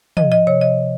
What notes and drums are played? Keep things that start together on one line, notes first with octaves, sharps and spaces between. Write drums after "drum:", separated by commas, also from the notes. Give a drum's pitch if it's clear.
F3 D#5, drum: tom
D#5
C3 C#5
D#5